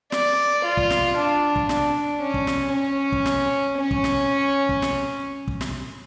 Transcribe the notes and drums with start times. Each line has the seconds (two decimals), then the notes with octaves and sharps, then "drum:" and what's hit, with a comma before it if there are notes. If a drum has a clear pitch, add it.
0.12 D5, drum: snare
0.65 F4
0.77 drum: kick
0.90 drum: snare
1.17 D4
1.56 drum: kick
1.69 D4, drum: snare
2.21 C#4
2.34 drum: kick
2.47 drum: snare
2.73 C#4
3.12 drum: kick
3.25 drum: snare
3.78 C#4
3.91 drum: kick
4.04 drum: snare
4.69 drum: kick
4.82 drum: snare
5.48 drum: kick
5.61 drum: snare